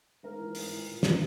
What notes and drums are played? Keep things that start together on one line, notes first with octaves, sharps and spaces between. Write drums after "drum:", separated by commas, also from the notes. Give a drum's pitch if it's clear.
G#2 A#4
E3
G#2, drum: open hi-hat
E3
A#2
A#2, drum: snare